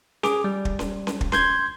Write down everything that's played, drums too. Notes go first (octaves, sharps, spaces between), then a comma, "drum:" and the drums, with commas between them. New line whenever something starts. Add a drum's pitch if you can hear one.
G#4 D6, drum: snare C#4
G3
drum: kick
drum: snare C#4
drum: snare C#4
drum: kick
C6 G6 G#6, drum: snare C#4